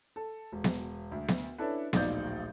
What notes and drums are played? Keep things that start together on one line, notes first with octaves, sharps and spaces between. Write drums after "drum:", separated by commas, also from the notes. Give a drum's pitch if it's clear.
A4
E1
drum: snare B3
D2
drum: snare B3
C#4 D4 E4 A4 B4
D1 A#1 D#4 D5 F5 G6, drum: snare B3